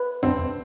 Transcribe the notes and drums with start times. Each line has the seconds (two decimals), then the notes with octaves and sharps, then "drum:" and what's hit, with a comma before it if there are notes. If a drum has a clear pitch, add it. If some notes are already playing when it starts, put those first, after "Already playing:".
Already playing: B4
0.23 C4 D4 C5, drum: tom E2